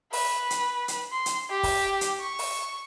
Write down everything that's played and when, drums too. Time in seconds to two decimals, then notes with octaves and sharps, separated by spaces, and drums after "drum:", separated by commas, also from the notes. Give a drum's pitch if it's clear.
0.13 B4, drum: open hi-hat
0.50 drum: hi-hat
0.88 drum: hi-hat
1.12 C6
1.26 drum: hi-hat
1.50 G4
1.63 drum: kick, open hi-hat
2.01 drum: hi-hat
2.21 C#6
2.39 drum: open hi-hat